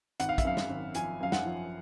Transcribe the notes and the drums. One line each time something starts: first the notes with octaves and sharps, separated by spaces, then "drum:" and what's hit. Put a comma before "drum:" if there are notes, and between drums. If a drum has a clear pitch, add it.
G#1 F#5, drum: hi-hat
F5
E5, drum: kick, hi-hat
F#2 F5
drum: snare
G#1
F3 G#5, drum: hi-hat
F#2 F5
F#5, drum: snare
F3